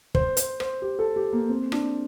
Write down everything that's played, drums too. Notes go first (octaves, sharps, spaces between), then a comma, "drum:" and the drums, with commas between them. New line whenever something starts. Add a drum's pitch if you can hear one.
C5, drum: kick
C5, drum: hi-hat
C5, drum: rim click
G4
A4
G4
A#3
C4
D4, drum: rim click